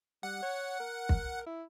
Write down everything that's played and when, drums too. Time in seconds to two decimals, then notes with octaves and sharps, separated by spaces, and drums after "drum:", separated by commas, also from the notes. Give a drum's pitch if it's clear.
0.23 G3 F#5
0.43 C#5
0.80 A#4
1.09 drum: kick
1.46 E4